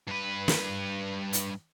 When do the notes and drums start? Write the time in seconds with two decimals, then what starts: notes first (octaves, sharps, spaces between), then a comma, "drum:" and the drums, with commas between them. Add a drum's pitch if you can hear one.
0.08 G2 B4
0.48 drum: snare
1.33 drum: hi-hat